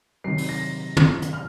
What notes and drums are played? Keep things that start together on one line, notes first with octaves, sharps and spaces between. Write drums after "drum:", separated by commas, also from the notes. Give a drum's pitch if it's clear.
C3 D#3 F#3 C7
drum: open hi-hat
A#6
F6, drum: tom
drum: hi-hat
F6